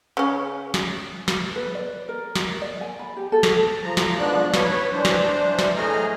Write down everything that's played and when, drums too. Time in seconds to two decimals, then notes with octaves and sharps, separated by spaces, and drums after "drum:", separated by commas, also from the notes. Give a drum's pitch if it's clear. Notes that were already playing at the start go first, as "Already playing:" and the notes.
0.17 C#3 C#4
0.74 drum: snare
1.28 drum: snare
1.56 B4
1.75 D5
2.09 A#4
2.35 drum: snare
2.62 D5
2.81 G#5
2.99 B5
3.17 G4
3.32 A4
3.43 drum: snare
3.84 F3 A#5
3.97 drum: snare
4.18 G#2 B2 F3 D4 F#6
4.54 B4 C#5, drum: snare
4.92 E3 D4 C5
5.05 drum: snare
5.59 drum: snare
5.76 A2 A3 G#4 D#5 A#5 F6